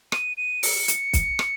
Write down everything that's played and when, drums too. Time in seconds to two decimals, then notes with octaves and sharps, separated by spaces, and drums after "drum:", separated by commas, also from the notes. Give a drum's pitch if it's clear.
0.12 D#7, drum: rim click
0.37 D#7
0.63 C#7, drum: open hi-hat
0.88 drum: hi-hat
1.13 drum: kick, hi-hat
1.39 drum: rim click